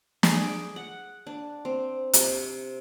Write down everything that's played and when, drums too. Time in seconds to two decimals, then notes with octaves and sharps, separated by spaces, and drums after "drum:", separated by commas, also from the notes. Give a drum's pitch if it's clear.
0.23 G#4, drum: snare
0.44 D6
0.76 F#5
1.27 D4
1.65 C4
2.13 C3, drum: hi-hat